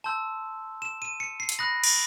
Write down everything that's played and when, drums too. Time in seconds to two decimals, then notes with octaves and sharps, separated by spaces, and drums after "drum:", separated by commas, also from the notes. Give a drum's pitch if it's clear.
0.04 A5 C6 E6 G6
0.82 E7
1.02 D#7
1.20 C#7
1.40 C7
1.49 drum: hi-hat
1.59 B5 D#6 F#6 A#6
1.84 drum: cymbal